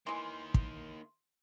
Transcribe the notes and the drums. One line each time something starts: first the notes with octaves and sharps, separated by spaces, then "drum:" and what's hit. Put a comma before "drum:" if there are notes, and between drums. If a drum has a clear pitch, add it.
D#3 E3 G#3 A#3 C6
drum: kick